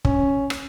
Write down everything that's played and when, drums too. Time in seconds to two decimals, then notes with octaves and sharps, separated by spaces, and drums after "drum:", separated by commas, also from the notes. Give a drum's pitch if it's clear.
0.05 C#4, drum: kick
0.50 drum: rim click